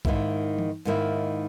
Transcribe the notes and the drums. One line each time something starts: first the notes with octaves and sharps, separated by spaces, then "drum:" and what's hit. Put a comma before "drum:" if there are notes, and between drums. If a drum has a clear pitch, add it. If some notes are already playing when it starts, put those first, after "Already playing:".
G#2 D#3 A#3 E4, drum: kick A#1
drum: tom E3
G#2 D#3 A#3 E4